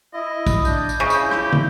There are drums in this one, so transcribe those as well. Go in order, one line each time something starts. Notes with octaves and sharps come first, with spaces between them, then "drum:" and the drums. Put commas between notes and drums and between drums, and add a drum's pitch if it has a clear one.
E4 D#5
drum: kick, tambourine
D4 G6, drum: tambourine
drum: tambourine
C#3 E4 D#5
drum: tambourine
G4, drum: rim click
drum: tom